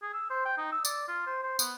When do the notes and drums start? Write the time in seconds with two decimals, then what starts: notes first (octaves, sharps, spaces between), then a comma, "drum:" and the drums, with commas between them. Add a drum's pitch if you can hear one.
0.02 G#4
0.14 E6
0.30 C5
0.45 G5
0.58 D#4
0.72 E6
0.85 D5, drum: tambourine
1.08 F4
1.27 C5
1.43 C5
1.59 B3, drum: tambourine